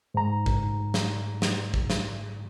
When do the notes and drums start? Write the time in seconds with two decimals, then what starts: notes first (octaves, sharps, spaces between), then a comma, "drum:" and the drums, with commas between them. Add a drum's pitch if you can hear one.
0.14 G#2 A#5
0.46 drum: kick
0.94 drum: snare
1.42 drum: snare
1.74 drum: kick
1.90 drum: snare